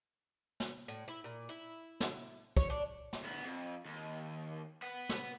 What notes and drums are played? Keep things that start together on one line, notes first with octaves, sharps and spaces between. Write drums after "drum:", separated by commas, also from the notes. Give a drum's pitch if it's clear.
drum: snare
A2
E4
A#2
E4
drum: snare
C#5, drum: kick
D4
drum: snare
D2 B3
F2
D#2
B4 F#5
drum: snare